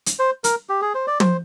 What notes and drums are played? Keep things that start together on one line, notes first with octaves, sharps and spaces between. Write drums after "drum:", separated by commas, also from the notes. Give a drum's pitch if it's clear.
drum: hi-hat
C5
A#4, drum: hi-hat
G4
G#4
C5
D5
C5, drum: tom